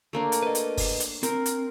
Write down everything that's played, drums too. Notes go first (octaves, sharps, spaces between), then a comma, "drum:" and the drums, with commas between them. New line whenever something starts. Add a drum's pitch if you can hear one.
A3 A#3 D4
drum: hi-hat
B4 D#5
drum: hi-hat
drum: kick, open hi-hat
drum: hi-hat
C4 A#4, drum: hi-hat
drum: hi-hat